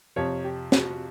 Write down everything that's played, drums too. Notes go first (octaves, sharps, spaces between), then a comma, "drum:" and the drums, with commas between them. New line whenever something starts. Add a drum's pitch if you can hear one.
F2 C3 F3 C#5
G4
F#4, drum: snare